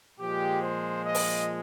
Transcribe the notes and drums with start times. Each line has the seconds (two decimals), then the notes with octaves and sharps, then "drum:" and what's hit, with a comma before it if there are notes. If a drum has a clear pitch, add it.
0.19 A#2 F3 G#3 G4
0.62 C5
1.04 D#5
1.15 drum: open hi-hat